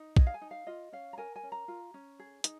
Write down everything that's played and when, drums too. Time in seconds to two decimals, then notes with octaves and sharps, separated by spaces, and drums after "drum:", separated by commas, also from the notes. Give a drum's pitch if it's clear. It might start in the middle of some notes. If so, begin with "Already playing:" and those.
Already playing: D#4
0.16 G#4 D#5, drum: kick
0.27 F5
0.34 G#5
0.41 D#4
0.51 F5
0.67 F4 D#5
0.92 C#4 F5
1.13 A#5
1.18 A#4 G#5
1.36 G#5
1.43 C#4
1.52 A#5
1.68 F4
1.94 C#4
2.19 G#4
2.44 D#4, drum: hi-hat